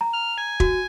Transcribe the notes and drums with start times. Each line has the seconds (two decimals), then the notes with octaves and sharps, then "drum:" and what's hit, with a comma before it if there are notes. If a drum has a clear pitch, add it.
0.01 A#5
0.13 F6
0.38 G#5
0.60 F#4, drum: kick